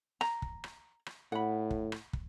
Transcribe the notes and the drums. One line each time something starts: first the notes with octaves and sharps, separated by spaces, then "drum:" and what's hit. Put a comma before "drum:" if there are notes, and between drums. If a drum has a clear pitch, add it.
A#5, drum: rim click
drum: kick
drum: rim click
drum: rim click
A2 F#5 B5
drum: kick
drum: rim click
drum: kick